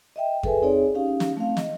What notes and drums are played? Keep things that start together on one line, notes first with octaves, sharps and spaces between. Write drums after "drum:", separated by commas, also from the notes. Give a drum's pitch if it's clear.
D#5 E5 G5
G#4 A4 B4 E5 G#5, drum: kick F2
C4 D#4 G#4 C#5 D5
C#4 D#4 G4 F5
drum: snare
A3 C4 F5
D#5, drum: snare